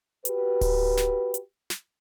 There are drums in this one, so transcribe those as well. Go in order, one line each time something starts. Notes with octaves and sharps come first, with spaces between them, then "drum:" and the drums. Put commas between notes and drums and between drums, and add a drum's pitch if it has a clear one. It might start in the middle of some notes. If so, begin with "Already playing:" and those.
F#4 G4 B4, drum: hi-hat
drum: kick D1, open hi-hat
drum: snare
drum: hi-hat
drum: snare